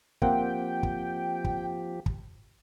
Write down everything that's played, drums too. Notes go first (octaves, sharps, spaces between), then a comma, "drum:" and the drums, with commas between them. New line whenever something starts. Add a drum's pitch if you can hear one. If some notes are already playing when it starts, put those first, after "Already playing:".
F3 A#3 C4 G4 F#5 G5, drum: kick
drum: kick
drum: kick
drum: kick